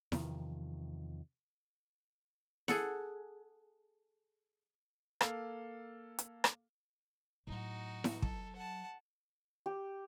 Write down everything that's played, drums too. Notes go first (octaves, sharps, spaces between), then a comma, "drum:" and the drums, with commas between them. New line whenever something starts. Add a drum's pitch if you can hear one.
E2 C3 D#3 F3, drum: snare E4
G#4 A4 F#5, drum: snare E4
A#3 A4 F5, drum: rim click
drum: hi-hat
drum: rim click
A2 F#3 D#4 F#4
drum: snare E4
F#3 A4, drum: kick
F#5 A5
G4